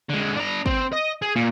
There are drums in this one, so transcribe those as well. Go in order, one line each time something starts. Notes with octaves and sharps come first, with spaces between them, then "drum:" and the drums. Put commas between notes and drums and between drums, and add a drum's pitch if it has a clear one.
D3 G#3
D4 A#5
C4, drum: kick
D#5
G#4
A#2